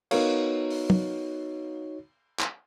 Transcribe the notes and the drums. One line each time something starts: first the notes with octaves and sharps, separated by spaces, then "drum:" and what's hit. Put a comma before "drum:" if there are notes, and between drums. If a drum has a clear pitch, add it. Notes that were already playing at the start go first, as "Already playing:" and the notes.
B3 D#4 F#4 A#4 C#5 F5, drum: cymbal
drum: open hi-hat
drum: tom
drum: clap